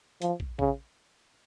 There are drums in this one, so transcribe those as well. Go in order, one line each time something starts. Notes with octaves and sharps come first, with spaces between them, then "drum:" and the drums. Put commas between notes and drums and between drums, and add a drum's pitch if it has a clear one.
F3, drum: hi-hat
drum: kick
C#3, drum: kick